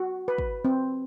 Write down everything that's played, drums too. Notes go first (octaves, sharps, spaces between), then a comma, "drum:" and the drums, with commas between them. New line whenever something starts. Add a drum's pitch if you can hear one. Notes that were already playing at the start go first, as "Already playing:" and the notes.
Already playing: F#4
B4
drum: kick
C4